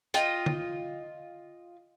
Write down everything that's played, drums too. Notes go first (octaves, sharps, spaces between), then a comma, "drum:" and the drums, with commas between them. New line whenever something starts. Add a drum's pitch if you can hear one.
F4 D#5 G5, drum: hi-hat
drum: tom D3